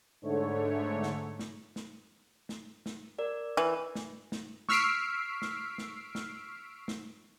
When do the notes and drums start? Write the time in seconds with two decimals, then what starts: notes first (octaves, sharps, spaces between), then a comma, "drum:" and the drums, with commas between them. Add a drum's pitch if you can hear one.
0.22 G#2 D3 A3 C#5
1.03 drum: snare
1.39 drum: snare
1.76 drum: snare
2.49 drum: snare
2.86 drum: snare
3.19 A#4 D5
3.57 E3
3.95 drum: snare
4.32 drum: snare
4.69 C#6 E6 F6 B6 C7 D7, drum: snare
5.42 drum: snare
5.78 drum: snare
6.15 drum: snare
6.88 drum: snare